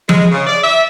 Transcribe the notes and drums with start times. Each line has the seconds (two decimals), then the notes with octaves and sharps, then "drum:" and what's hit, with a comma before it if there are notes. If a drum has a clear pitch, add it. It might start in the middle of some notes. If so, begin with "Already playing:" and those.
0.09 G#3, drum: tom F3
0.31 C#3
0.47 D5
0.64 E5